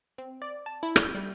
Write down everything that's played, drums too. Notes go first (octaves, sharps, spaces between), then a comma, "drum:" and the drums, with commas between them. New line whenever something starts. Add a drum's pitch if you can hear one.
C4
D5
A5
E4
G6, drum: rim click
G3